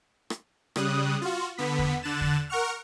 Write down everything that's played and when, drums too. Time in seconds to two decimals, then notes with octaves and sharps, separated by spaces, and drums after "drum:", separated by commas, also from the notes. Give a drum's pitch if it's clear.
0.30 drum: rim click
0.76 C#3 G3 D#6 F#6, drum: rim click
1.22 F4 F#4
1.57 D3 B3 B6
1.79 drum: kick E2
2.03 D3 F#6 A6 E7
2.21 drum: kick E2
2.49 A#4 F#5 C#6 F6